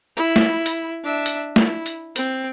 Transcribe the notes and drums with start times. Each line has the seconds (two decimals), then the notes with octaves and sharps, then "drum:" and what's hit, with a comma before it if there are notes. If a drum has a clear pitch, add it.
0.16 E4
0.36 drum: snare
0.66 drum: hi-hat
1.04 D4 E5
1.26 drum: hi-hat
1.56 E4, drum: snare
1.86 drum: hi-hat
2.16 C4, drum: hi-hat